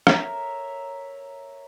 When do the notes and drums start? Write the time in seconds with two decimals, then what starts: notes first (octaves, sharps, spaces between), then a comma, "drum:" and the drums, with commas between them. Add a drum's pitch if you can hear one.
0.07 A#4 C#5 E5, drum: rim click